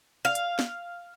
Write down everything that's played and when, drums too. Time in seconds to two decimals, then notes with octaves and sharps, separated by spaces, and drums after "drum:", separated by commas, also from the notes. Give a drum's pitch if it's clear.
0.25 F5
0.35 drum: hi-hat
0.59 drum: snare